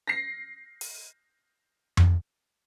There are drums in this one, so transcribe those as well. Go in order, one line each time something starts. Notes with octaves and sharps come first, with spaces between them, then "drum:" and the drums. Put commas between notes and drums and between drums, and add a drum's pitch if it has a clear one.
A#6 C7
drum: open hi-hat
drum: tom F2